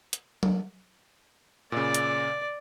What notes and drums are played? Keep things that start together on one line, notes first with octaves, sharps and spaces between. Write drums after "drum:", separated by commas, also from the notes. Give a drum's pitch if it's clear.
drum: hi-hat
drum: tom F#3
A#2 C#3 D5
drum: hi-hat